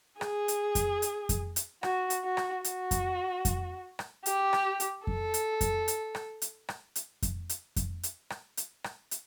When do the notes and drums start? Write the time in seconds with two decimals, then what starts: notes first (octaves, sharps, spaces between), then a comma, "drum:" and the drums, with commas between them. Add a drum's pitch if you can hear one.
0.21 G#4, drum: rim click
0.48 drum: hi-hat
0.75 drum: kick F2, hi-hat
1.02 drum: hi-hat
1.29 drum: kick F2, hi-hat
1.56 drum: hi-hat
1.83 F#4, drum: rim click
2.10 drum: hi-hat
2.24 F#4
2.37 drum: rim click
2.64 F#4, drum: hi-hat
2.91 drum: kick F2, hi-hat
3.45 drum: kick F2, hi-hat
3.99 drum: rim click
4.26 G4, drum: hi-hat
4.53 drum: rim click
4.80 drum: hi-hat
5.07 A4, drum: kick F2
5.34 drum: hi-hat
5.61 drum: kick F2, hi-hat
5.88 drum: hi-hat
6.15 drum: rim click
6.42 drum: hi-hat
6.69 drum: rim click
6.96 drum: hi-hat
7.22 drum: kick F2, hi-hat
7.49 drum: hi-hat
7.76 drum: kick F2, hi-hat
8.03 drum: hi-hat
8.30 drum: rim click
8.57 drum: hi-hat
8.84 drum: rim click
9.11 drum: hi-hat